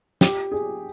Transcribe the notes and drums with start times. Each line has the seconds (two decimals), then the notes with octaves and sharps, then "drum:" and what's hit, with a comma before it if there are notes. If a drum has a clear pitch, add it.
0.21 G4, drum: snare
0.52 G#4